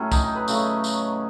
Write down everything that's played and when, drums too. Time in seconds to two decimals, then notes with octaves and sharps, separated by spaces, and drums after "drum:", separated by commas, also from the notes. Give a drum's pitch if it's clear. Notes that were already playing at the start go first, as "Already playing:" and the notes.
Already playing: A2 F#3 A3 C#4
0.12 D#4, drum: kick, tambourine
0.24 D#4
0.35 B4
0.48 C#3 F#3 A3, drum: tambourine
0.84 drum: tambourine